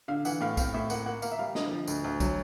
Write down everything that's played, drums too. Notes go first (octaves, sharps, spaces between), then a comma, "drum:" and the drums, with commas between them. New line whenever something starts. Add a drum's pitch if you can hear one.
D3 F5
E3 F#5, drum: tambourine
A2 F5
C4 F5, drum: kick, tambourine
A2 E5
A#3 F#5, drum: tambourine
A#3 F#5
A#3 F5, drum: tambourine
E5
G3 F5
D3 D#5, drum: snare
F3
D2, drum: tambourine
D2
F#3, drum: kick, tambourine